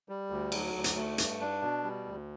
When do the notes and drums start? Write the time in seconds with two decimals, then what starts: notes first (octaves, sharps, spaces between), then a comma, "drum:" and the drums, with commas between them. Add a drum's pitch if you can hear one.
0.09 G3
0.30 D2
0.52 F#3, drum: cymbal
0.74 D2
0.84 drum: hi-hat
0.96 A3
1.18 G2, drum: hi-hat
1.40 D4
1.62 B2
1.83 G3
2.06 D2